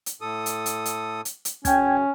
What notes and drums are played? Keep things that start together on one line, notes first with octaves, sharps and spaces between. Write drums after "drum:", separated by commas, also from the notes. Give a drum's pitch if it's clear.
drum: hi-hat
A2 A4 D#6
drum: hi-hat
drum: hi-hat
drum: hi-hat
drum: hi-hat
drum: hi-hat
F#2 C#3 C#4 G5 G#6, drum: kick, hi-hat